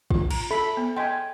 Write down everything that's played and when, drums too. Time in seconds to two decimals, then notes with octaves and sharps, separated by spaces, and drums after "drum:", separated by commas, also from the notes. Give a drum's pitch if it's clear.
0.11 F4, drum: kick
0.31 A#5, drum: cymbal
0.51 A4 E5 B5
0.77 B3
0.97 D#5 G5 G#5 C6